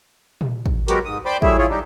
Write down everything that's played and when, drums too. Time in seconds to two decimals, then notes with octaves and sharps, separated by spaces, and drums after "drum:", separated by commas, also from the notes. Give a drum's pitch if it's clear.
0.41 drum: tom A#2
0.66 drum: kick
0.88 F#3 G#3 B3 F#4 G4 A#4, drum: hi-hat
1.05 G#2 D#6
1.26 C5 D5 G5 B5 C6 D6
1.42 F#3 G3 A3 E4 G#4 E5, drum: kick
1.58 E4 F4 G#4 C#5
1.69 G3 D4 D#4 G4